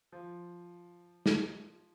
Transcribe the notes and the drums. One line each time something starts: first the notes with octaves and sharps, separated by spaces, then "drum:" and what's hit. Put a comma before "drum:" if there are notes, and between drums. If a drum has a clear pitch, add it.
F3
drum: snare